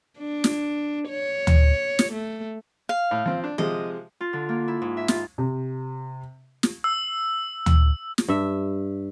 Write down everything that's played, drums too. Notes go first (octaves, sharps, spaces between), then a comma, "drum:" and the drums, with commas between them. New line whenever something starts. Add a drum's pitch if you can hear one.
D4
drum: snare
C#5
drum: tom D2
drum: snare
A3
F5
A2
F3 C4
D4
C3 F3 G#3 D#5
F4
D3
A#3
E4
G#2
E5
F4, drum: snare
C3
drum: snare
E6
drum: tom D2
drum: snare
G2 E5